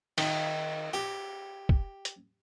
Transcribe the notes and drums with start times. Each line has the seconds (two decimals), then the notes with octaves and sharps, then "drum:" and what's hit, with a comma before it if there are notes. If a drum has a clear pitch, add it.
0.18 D#3, drum: cymbal
0.93 G4
1.69 drum: kick
2.05 drum: hi-hat